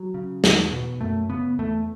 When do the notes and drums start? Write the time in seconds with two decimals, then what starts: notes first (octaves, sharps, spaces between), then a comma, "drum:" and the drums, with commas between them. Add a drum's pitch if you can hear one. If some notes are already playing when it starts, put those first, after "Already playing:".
Already playing: F#3
0.14 C#3
0.44 E2, drum: snare
0.72 B2
1.01 F#2 A3
1.30 C#3 B3
1.59 E2 A3